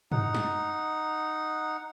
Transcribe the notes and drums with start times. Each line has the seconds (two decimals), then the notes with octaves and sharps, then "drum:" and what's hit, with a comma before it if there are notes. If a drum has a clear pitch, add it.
0.12 D#4 F#5, drum: tom
0.34 drum: snare